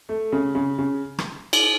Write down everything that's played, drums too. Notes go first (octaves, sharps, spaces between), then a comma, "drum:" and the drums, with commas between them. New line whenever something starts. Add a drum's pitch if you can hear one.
A3
C#3
C#3
C#3
drum: rim click
drum: cymbal